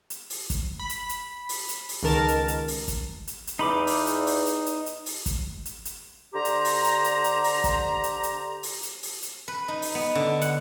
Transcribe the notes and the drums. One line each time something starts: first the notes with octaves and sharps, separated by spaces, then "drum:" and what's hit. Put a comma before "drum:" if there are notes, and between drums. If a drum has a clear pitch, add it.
drum: hi-hat
drum: open hi-hat
drum: kick, hi-hat
B5
drum: hi-hat
drum: hi-hat
drum: open hi-hat
drum: hi-hat
drum: open hi-hat
C#2 D#3 A#4 A5
drum: hi-hat
drum: hi-hat
drum: open hi-hat
drum: kick, hi-hat
drum: hi-hat
drum: hi-hat
E2 D#4 B5 D6
drum: open hi-hat
drum: hi-hat
drum: open hi-hat
drum: hi-hat
drum: hi-hat
drum: hi-hat
drum: open hi-hat
drum: kick, hi-hat
drum: hi-hat
drum: hi-hat
D3 G4 C5 A#5
drum: hi-hat
drum: open hi-hat
drum: hi-hat
drum: hi-hat
drum: hi-hat
drum: open hi-hat
drum: kick, hi-hat
drum: hi-hat
drum: hi-hat
drum: open hi-hat
drum: hi-hat
drum: open hi-hat
drum: hi-hat
B4
D#4
drum: open hi-hat
B3
D3
F#5, drum: hi-hat